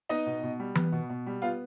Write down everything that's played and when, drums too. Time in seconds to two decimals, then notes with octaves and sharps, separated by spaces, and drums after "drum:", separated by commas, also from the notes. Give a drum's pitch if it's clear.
0.09 B3 D#4 D#5
0.27 B2
0.43 B2
0.60 G3
0.75 B3, drum: tom E3
0.92 B2
1.09 B2
1.26 G3
1.42 B3 F4 F5